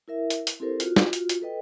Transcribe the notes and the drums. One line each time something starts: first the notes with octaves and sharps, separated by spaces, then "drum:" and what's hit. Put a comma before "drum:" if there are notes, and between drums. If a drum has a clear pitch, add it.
E4 A#4 E5
drum: hi-hat
drum: hi-hat
C4 E4 G4 A4 A#4 C5
F4 F#4, drum: hi-hat
drum: snare
drum: hi-hat
drum: hi-hat
A4 B4 D#5 G5